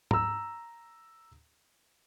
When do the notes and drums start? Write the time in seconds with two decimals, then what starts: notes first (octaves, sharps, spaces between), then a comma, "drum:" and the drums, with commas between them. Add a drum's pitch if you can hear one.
0.11 A#5 E6, drum: tom G#2